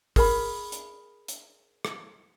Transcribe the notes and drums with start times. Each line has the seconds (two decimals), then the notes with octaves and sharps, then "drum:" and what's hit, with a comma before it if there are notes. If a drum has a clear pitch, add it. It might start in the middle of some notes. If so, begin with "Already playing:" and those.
0.16 G#4 A#4 B5, drum: kick, open hi-hat
0.72 drum: hi-hat
1.28 drum: hi-hat
1.85 drum: rim click